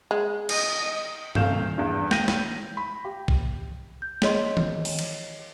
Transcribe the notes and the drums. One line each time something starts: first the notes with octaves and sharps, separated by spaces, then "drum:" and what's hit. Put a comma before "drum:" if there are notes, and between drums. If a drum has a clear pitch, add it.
G#3
D#5, drum: cymbal
D#1 C2 A4 F5 G6 E7, drum: tom G2
E2 G2
G5 G6 A#6 D#7, drum: snare
drum: snare
B5
G4
drum: kick A#1
G6
G#4 C#5 D#5 C6, drum: snare
drum: tom D#3
drum: open hi-hat
drum: cymbal